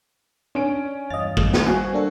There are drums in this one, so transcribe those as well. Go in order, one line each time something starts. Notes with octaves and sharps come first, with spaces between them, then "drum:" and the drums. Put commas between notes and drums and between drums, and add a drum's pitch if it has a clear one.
C#4 D4 D7
E2 G2 D#5 F5 A6
drum: kick
drum: snare
G3 F#4 C5 G#5
A#3 D4 A4